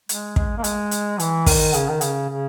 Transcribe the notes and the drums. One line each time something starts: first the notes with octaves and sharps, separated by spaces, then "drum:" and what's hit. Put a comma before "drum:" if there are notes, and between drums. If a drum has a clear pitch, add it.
G#3, drum: hi-hat
G#3, drum: kick
A#3
G#3, drum: hi-hat
drum: hi-hat
E3, drum: hi-hat
D#3, drum: kick, open hi-hat
C#3, drum: hi-hat
D#3
C#3, drum: hi-hat
C#3